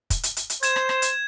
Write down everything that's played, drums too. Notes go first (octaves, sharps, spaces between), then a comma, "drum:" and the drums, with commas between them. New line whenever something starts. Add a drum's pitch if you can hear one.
drum: kick, hi-hat
drum: hi-hat
drum: hi-hat
drum: hi-hat
C5 G#6 E7, drum: hi-hat
drum: rim click
drum: rim click
drum: hi-hat